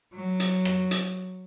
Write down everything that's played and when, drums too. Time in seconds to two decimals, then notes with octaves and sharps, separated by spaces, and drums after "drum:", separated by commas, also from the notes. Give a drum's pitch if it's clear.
0.14 F#3
0.40 drum: hi-hat
0.65 drum: rim click
0.91 drum: hi-hat